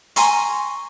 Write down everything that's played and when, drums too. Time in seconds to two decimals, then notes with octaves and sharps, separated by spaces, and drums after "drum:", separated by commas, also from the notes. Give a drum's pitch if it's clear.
0.16 G#5 A#5 C6 C#6, drum: hi-hat